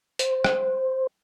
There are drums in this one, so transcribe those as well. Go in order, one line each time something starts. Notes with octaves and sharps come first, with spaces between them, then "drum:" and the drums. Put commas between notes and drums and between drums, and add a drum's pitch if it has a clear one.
C5, drum: hi-hat
drum: rim click